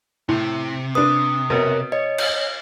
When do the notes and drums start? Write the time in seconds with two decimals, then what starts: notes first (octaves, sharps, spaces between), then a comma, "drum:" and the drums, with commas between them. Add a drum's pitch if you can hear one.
0.29 A2 C3
0.95 D4 B4 D#6
1.50 B2 A#4 B4 C#5
1.92 C#5 D#5
2.18 drum: cymbal